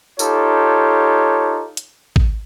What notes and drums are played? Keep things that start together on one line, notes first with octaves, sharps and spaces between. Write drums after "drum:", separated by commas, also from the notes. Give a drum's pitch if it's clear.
D#4 F4 G4 A4 C#5, drum: tambourine
drum: hi-hat
drum: kick